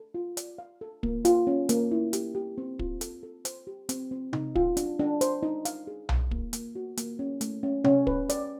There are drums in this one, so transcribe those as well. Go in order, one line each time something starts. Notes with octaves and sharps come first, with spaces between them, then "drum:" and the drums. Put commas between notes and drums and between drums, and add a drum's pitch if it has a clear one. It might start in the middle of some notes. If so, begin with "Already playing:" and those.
Already playing: A4
F4
D5, drum: hi-hat
F5
A4
A#3, drum: kick
F4, drum: hi-hat
C#4
A#3, drum: hi-hat
E4
G4, drum: hi-hat
G4
C4
F4, drum: kick
A4, drum: hi-hat
A4
C5, drum: hi-hat
G4
C4, drum: hi-hat
C4
D#4, drum: tom C3
F4, drum: kick
D4, drum: hi-hat
D4
C5, drum: hi-hat
D#4
F5, drum: hi-hat
G#4
F5, drum: tom B1
A#3, drum: kick
A#3, drum: hi-hat
F#4
A#3, drum: hi-hat
C#4
A3, drum: hi-hat
C#4
C#4, drum: tom C3
B4, drum: kick
D5, drum: hi-hat